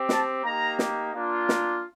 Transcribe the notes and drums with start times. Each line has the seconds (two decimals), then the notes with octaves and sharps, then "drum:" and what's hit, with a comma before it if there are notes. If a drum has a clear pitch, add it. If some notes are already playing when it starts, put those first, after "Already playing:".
Already playing: C4 G4
0.09 A5, drum: snare
0.43 A#3 D#4 G4 A#5
0.79 drum: snare
1.14 A#3 D4 F4
1.49 drum: snare